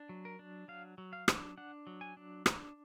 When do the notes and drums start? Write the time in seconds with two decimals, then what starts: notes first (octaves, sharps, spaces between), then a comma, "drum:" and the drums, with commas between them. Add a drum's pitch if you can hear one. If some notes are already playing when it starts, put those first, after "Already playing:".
Already playing: D4
0.09 F#3
0.25 A#4
0.39 D4
0.68 F#3 F5
0.98 F#3
1.13 F5
1.28 D4, drum: rim click
1.58 D4 F#5
1.87 F#3
2.01 G#5
2.17 D4
2.46 D4 A#5, drum: rim click